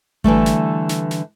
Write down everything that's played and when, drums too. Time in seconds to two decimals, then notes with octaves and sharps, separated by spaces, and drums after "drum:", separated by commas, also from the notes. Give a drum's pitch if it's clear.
0.24 D3 E3 G3 A3, drum: kick G#1
0.46 drum: snare
0.89 drum: snare
1.11 drum: snare